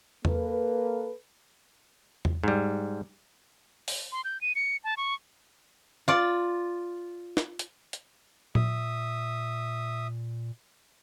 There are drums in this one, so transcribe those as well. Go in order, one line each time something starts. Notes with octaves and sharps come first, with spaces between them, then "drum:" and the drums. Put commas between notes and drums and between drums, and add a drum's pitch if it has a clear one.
A#3 A4 B4, drum: tom E2
drum: tom E2
G#2 G3
drum: open hi-hat
C6
G6
D#7
C#7
A5
C#6
F4 D5
drum: snare
drum: hi-hat
drum: hi-hat
A#2 E5 D#6, drum: tom A#2